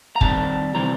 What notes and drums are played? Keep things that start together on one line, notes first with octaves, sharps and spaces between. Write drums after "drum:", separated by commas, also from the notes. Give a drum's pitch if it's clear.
A#5
D#3 G3 C4 A5, drum: kick
C3 E3 G3 C4 A#5